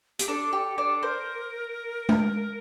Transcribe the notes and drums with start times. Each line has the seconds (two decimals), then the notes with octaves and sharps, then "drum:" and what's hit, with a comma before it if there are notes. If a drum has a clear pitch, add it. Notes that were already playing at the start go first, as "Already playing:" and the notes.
0.19 G4, drum: hi-hat
0.28 D4 A4
0.53 G4
0.78 D4
1.03 A#4 C5
2.09 drum: tom G#3